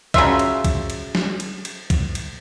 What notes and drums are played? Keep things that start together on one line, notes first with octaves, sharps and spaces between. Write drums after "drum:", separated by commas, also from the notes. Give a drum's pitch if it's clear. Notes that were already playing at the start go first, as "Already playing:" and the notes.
C#3 F#3 F4 E5, drum: kick, cymbal
drum: cymbal
drum: kick, cymbal
drum: cymbal
drum: snare
drum: cymbal
drum: cymbal
drum: kick, cymbal
drum: cymbal